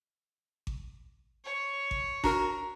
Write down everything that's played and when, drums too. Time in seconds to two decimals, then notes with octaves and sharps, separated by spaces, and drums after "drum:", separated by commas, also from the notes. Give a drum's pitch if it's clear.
0.67 drum: kick G#1
1.44 C#5
1.91 drum: kick G#1
2.24 D4 F#4 A#4 A#5, drum: kick G#1